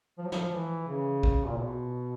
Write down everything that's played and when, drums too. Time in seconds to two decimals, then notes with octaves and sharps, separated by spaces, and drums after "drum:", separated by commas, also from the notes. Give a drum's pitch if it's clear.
0.18 F3
0.25 F#3
0.32 F3, drum: snare
0.53 E3
0.88 C#3
1.23 drum: kick
1.45 A#2
1.57 B2